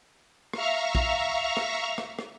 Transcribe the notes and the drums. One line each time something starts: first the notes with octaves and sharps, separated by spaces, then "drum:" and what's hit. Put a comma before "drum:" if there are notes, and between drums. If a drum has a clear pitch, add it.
E5 F5 A#5 C#6 F6, drum: rim click
drum: kick
drum: rim click
drum: rim click
drum: rim click